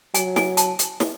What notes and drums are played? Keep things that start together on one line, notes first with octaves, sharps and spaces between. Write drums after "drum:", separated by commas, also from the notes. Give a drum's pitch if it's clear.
F#3 G#5, drum: hi-hat
G#5, drum: snare
A5, drum: hi-hat
drum: hi-hat
drum: snare